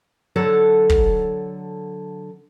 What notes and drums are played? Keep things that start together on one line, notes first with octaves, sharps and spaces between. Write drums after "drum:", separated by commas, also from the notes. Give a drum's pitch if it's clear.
D3 F#3 A4 C#5 F#5
drum: kick